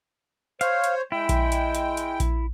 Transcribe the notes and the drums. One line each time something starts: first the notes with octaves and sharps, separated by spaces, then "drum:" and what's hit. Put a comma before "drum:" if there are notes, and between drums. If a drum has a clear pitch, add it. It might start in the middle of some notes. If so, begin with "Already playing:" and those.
C5 C#5 F5, drum: hi-hat
drum: hi-hat
G#3 E4 G5
drum: kick A#1, hi-hat
drum: hi-hat
drum: hi-hat
drum: hi-hat
drum: kick A#1, hi-hat